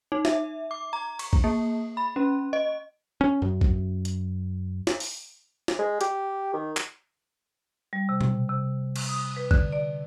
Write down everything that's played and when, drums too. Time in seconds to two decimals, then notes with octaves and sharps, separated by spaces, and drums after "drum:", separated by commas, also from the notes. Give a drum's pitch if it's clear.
0.12 D#4
0.25 E5, drum: snare
0.71 D6
0.93 A#5
1.19 C#6, drum: cymbal
1.33 drum: kick A1
1.44 A#3
1.97 B5
2.16 C#4
2.53 D#5
3.21 C#4
3.42 F#2
3.61 drum: kick A1
4.05 drum: hi-hat
4.87 drum: snare
5.00 drum: open hi-hat
5.68 drum: snare
5.79 G#3
6.01 G4, drum: hi-hat
6.53 D#3
6.77 drum: clap
7.93 G3
8.09 C3
8.21 drum: tom B2
8.49 C3
8.96 drum: cymbal
9.09 D#6
9.37 B4
9.51 D3, drum: kick A1
9.73 D5